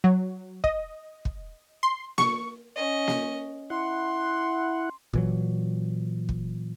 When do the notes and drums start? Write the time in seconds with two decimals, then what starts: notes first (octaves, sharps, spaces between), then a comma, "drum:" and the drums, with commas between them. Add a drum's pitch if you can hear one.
0.04 F#3
0.64 D#5, drum: kick
1.25 drum: kick
1.83 C6
2.18 C#6, drum: snare A#3
2.76 C#4 D#5
3.08 drum: snare A#3
3.70 E4 F#5 C6
5.13 A#2 E3 F#3, drum: kick
6.29 drum: kick